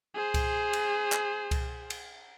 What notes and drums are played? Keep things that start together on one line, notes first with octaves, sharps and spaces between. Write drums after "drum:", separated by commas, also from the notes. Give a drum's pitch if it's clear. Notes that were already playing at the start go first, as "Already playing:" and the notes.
G#4 C5
drum: kick C2, cymbal
drum: cymbal
drum: clap
drum: kick C2, cymbal
drum: cymbal